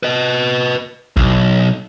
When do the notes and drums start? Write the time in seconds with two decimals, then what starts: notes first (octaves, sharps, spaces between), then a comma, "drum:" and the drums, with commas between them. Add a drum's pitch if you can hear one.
0.03 B4 D#5
1.16 B1, drum: kick